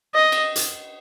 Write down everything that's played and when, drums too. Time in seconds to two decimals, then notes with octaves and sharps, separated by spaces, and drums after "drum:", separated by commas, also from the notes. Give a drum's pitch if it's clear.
0.14 D#5
0.32 drum: cymbal
0.56 drum: hi-hat